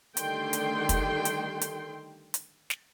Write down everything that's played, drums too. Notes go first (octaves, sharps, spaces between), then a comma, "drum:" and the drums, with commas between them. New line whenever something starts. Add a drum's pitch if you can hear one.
D3 D#3 G3 A3 G5 C6, drum: hi-hat
drum: hi-hat
drum: kick, hi-hat
drum: hi-hat
drum: hi-hat
drum: hi-hat
drum: snare